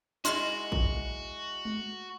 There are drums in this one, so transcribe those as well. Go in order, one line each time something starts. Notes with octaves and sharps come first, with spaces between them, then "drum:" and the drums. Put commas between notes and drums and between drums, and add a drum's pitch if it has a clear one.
G#3 E4 F#4 C6 F6 A6, drum: snare
drum: kick
drum: tom G#3